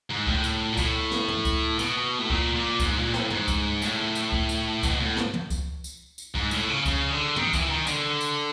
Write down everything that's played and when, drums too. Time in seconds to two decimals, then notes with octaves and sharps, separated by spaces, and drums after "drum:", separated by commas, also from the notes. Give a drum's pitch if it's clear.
0.10 G#2
0.27 A2, drum: kick C#2
0.44 drum: tambourine
0.72 A#2
0.77 A2, drum: kick C#2, tambourine
1.11 drum: snare
1.28 drum: tom
1.45 drum: kick C#2, tambourine
1.79 B2, drum: tambourine
2.19 A2
2.30 A#2, drum: kick C#2
2.55 A#2
2.80 G#2, drum: kick C#2, tambourine
2.97 A#2
3.14 A2, drum: snare
3.30 G#2, drum: tom
3.48 drum: kick C#2, tambourine
3.82 A2, drum: tambourine
4.15 drum: tambourine
4.32 drum: kick C#2
4.49 drum: tambourine
4.83 B2, drum: kick C#2, tambourine
5.00 A2
5.17 drum: snare
5.34 drum: tom
5.50 drum: kick C#2, tambourine
5.84 drum: tambourine
6.18 drum: tambourine
6.35 G#2, drum: kick C#2
6.51 A2, drum: tambourine
6.69 C#3
6.85 C#3, drum: kick C#2, tambourine
7.10 D3
7.36 D#3, drum: tom
7.53 E3, drum: kick C#2, tambourine
7.70 D#3
7.87 D3, drum: tambourine
8.21 drum: tambourine